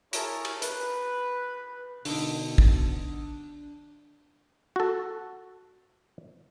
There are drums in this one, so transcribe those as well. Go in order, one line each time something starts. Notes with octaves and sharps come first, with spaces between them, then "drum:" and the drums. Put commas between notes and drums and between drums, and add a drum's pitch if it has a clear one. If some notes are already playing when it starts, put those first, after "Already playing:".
E4 G#4 A#4 C#5 A5, drum: hi-hat
drum: cymbal
B4, drum: hi-hat
B2 D3 D4 D#4, drum: open hi-hat
drum: kick
F#4 A4